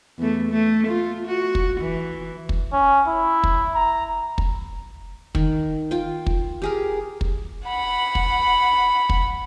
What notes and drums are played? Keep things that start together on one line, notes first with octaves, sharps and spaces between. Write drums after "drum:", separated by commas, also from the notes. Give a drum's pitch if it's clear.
E2 A3
A3
F4
F#4
drum: kick
E3
drum: kick
C#4
E4
drum: kick
A#5
drum: kick
D#3, drum: kick
F4 G5
drum: kick
G4 G#4 A#4
drum: kick
F#5 B5
drum: kick
drum: kick